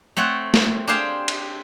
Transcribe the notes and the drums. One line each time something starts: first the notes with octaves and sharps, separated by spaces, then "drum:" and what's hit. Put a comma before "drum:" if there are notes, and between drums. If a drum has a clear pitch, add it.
A3 C4 C#5 F#5
drum: snare
D4 G4 G#4 C5 F5 G5
drum: cymbal